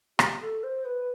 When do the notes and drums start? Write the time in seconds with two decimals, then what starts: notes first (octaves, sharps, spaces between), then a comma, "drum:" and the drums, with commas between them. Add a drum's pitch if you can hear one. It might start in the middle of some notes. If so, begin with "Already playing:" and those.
0.19 G4, drum: rim click
0.41 A4
0.63 C5
0.85 B4